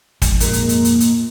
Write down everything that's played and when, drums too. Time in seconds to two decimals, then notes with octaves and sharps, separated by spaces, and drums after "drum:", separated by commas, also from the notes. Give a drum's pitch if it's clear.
0.22 F2 G#2, drum: kick, hi-hat
0.40 A#2 G#3 A#3, drum: hi-hat
0.53 drum: hi-hat
0.69 drum: hi-hat
0.85 drum: hi-hat
1.00 drum: hi-hat